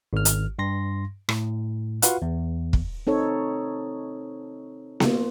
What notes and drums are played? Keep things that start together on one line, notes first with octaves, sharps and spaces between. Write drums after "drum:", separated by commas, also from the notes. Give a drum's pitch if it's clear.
G#1 F6
drum: hi-hat
G2 C6 A#6
A2, drum: rim click
F4 F#4 B4 F5 F#5, drum: hi-hat
E2
drum: kick
C4 D#4 A4 C#5
A#3 F4, drum: snare B3